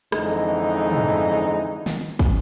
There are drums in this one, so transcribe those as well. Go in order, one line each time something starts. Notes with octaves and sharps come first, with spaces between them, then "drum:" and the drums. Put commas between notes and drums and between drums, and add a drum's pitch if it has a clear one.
F2 D3 E3 G#3 D#4, drum: rim click
drum: tom
drum: snare
drum: kick